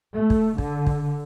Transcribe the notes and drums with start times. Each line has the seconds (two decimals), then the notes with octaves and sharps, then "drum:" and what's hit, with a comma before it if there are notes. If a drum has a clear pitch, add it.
0.13 A3
0.30 drum: kick
0.58 D3, drum: kick
0.87 drum: kick